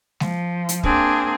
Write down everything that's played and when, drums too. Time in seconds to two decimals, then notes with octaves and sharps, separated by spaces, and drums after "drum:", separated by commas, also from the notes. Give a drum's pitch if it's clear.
0.20 F3, drum: snare G#3
0.69 drum: hi-hat
0.83 A#3 C4 D4 G#4, drum: kick